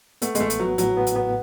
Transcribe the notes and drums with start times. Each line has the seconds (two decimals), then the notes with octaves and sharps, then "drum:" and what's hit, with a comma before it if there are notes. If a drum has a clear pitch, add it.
0.22 A3 B3, drum: hi-hat
0.35 G#3, drum: hi-hat
0.40 A1 A3
0.50 drum: hi-hat
0.59 F#3 B3
0.78 A2 F#3, drum: hi-hat
0.97 B3
1.07 drum: hi-hat
1.16 B3